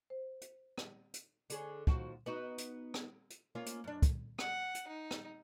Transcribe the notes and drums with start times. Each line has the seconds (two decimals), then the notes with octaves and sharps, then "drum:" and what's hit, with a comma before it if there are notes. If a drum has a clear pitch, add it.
0.10 C5
0.41 drum: hi-hat
0.78 drum: rim click
1.14 drum: hi-hat
1.50 D3 G#4 C#5, drum: hi-hat
1.87 D#2 F3 F#4, drum: kick
2.26 B3 D#4 F#4
2.58 drum: hi-hat
2.94 drum: rim click
3.30 drum: hi-hat
3.55 A#3 C#4 F4
3.66 drum: hi-hat
3.84 F#2 D4
4.02 drum: kick, hi-hat
4.39 F#5, drum: rim click
4.75 drum: hi-hat
4.88 D#4
5.11 drum: rim click